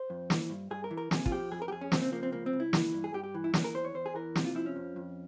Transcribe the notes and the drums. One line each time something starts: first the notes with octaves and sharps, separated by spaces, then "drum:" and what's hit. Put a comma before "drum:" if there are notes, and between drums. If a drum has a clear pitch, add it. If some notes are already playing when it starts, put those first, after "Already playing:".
Already playing: C5
F2
E3, drum: snare
G2
G2 G#4
A#4
E3
A#4
C3 G#4, drum: snare
F4, drum: kick
F3 G4
F2 G#4
A#4
G4
F2 G#4
C#4
C#3 C4, drum: snare
C4
F3 A#3
C4
C#2 A#3
C4
C#2
E4
E3, drum: snare
G2
G#4
G2 G4
G4
E3
E4
E3 C#4, drum: snare
A#4
E2 C5
C#5
E2 C5
G#4
E3 A#4
C3, drum: snare
F4
F3 E4
C#4
F2
F2